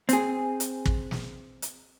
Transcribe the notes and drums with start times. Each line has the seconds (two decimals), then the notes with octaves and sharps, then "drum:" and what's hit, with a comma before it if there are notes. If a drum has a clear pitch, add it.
0.09 C4 G#4, drum: hi-hat
0.60 drum: hi-hat
0.86 drum: kick
1.11 drum: snare
1.62 drum: hi-hat